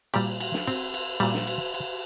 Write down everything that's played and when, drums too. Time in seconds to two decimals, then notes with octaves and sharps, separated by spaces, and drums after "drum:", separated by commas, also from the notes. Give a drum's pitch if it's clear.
0.14 A#2 G3 G4, drum: cymbal
0.40 drum: cymbal
0.54 drum: snare
0.68 C4, drum: cymbal
0.94 drum: cymbal
1.20 A#2 G3, drum: cymbal
1.34 drum: snare
1.47 drum: cymbal
1.74 drum: cymbal